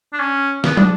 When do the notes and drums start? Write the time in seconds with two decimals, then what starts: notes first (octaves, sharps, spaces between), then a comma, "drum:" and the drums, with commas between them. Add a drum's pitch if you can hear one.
0.13 D4
0.20 C#4
0.64 B3, drum: snare
0.77 D4, drum: tom